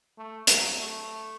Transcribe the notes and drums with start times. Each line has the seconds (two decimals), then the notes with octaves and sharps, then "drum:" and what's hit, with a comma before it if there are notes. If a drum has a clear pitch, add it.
0.18 A3
0.47 F#3, drum: hi-hat
0.76 A3